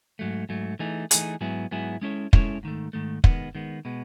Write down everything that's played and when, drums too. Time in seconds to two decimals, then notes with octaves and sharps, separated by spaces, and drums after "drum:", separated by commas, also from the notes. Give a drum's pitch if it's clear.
0.19 G#2 F#3 A3
0.49 G#2 F#3 A3
0.79 E3 A3 D#4 G#4
1.11 E3 A3 D#4 G#4, drum: hi-hat
1.41 G#2 F#3 B3 E4 G#4
1.71 G#2 F#3 B3 E4 G#4
2.01 G#3 C#4 E4 A4 C#5
2.33 G#3 C#4 E4 A4 C#5, drum: kick
2.63 G#2 D#3 A3
2.93 G#2 D#3 A3
3.24 D#3 G#3 B3, drum: kick
3.55 D#3 G#3 B3
3.85 B2 G#3 B3